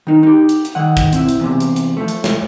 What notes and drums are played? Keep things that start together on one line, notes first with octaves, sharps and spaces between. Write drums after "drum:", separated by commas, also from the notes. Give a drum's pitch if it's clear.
D#3 D#4
D#4 G4
drum: hi-hat
drum: hi-hat
D#3 F#5
drum: kick, hi-hat
C4 E4, drum: hi-hat
drum: hi-hat
E2 C3
drum: hi-hat
drum: hi-hat
F3 A3
drum: hi-hat
drum: snare